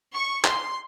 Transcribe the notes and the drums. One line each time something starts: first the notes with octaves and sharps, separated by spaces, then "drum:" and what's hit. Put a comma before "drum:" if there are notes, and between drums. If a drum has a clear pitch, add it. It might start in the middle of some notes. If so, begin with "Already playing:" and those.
C#6
C6, drum: clap